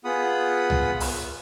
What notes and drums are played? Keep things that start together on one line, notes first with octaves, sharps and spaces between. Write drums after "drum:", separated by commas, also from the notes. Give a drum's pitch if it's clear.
B3 F4 G#4 F#5 B5 D#6
drum: tom C2
drum: open hi-hat